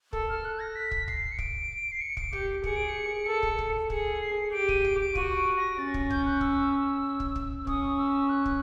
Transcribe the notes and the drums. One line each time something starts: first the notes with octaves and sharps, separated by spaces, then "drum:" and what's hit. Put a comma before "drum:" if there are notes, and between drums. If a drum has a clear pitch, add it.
A4, drum: kick
F6
F#6
A#6
B6
drum: kick
C7, drum: kick
C#7
D7, drum: kick
C7
C#7
D7, drum: kick
G4 C#7, drum: kick
G#4 C#7, drum: kick
D7
C#7
A4
drum: kick
drum: kick
G#4 C#7, drum: kick
C7
G4 D7
D#7, drum: kick
D7, drum: kick
D7
F#4 D#7, drum: kick
D7
A#6
C#4 A6
drum: kick
G6, drum: kick
F#6
E6, drum: kick
drum: kick
drum: kick
C#4 D#6, drum: kick
E6
F#6
drum: kick